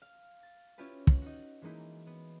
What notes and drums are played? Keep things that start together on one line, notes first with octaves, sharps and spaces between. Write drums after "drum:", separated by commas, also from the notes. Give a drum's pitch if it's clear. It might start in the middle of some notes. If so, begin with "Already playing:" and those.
F5
A6
C#4 E4 F4 G4 B4
drum: kick
D#4 F#4
E3 G#3 A#3 D#4 E4
B3